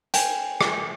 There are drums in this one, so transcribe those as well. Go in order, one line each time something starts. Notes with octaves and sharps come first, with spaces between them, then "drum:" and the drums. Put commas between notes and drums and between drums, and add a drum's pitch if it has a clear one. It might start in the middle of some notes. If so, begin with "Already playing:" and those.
G5 G#5, drum: hi-hat
drum: rim click